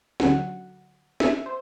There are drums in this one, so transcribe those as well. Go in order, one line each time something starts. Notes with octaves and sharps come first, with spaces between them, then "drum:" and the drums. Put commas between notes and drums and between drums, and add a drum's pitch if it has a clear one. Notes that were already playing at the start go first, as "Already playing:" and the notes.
D2 D3 F#3 F#5, drum: snare
E5, drum: snare
C5